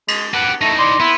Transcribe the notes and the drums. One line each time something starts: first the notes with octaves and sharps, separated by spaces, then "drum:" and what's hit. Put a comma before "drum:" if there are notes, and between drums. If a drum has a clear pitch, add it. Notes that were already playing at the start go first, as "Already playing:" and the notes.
G#3, drum: cymbal
G4 B4 F#5
E3 A3 D#4 A#6
D5 C6
B3 E4